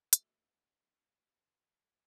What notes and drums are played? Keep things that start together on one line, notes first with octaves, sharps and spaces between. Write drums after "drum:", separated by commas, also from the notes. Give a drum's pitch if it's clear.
A3 B3 D4 D#4 F#4 A4, drum: hi-hat